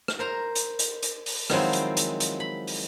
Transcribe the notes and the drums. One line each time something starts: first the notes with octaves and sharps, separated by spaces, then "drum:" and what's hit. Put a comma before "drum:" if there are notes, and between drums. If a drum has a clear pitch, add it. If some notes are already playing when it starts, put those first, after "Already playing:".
drum: rim click
A#4 C5 A#5
drum: hi-hat
drum: hi-hat
drum: hi-hat
drum: open hi-hat
D#3 F3 F#3 G#3 C4 E4, drum: rim click
drum: hi-hat
drum: hi-hat
drum: hi-hat
B5
drum: open hi-hat